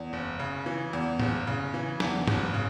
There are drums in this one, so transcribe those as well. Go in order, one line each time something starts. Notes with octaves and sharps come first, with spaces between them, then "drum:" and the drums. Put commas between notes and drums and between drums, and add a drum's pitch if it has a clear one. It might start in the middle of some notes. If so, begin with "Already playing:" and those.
Already playing: E2
F#1
C#3
E3
E2
F#1, drum: tom A2
C#3
E3
E2, drum: snare
F#1, drum: tom G#2
C#3